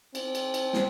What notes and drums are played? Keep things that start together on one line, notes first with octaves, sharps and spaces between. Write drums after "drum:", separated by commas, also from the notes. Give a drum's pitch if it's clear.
C4, drum: cymbal
drum: cymbal
drum: cymbal
drum: snare